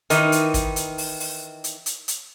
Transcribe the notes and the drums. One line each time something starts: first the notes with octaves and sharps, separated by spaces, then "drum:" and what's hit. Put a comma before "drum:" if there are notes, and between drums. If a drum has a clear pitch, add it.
D#3 E3 D#4, drum: hi-hat
drum: hi-hat
drum: kick, hi-hat
drum: hi-hat
drum: open hi-hat
drum: open hi-hat
drum: hi-hat
drum: hi-hat
drum: hi-hat